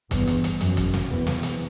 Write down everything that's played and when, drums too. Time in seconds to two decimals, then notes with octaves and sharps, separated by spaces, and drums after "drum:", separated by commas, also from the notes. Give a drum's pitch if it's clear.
0.11 E2 G2, drum: kick, hi-hat
0.28 drum: hi-hat
0.44 drum: hi-hat
0.61 F#2, drum: hi-hat
0.77 drum: kick, hi-hat
0.94 drum: snare
1.10 E2
1.27 drum: snare
1.43 drum: hi-hat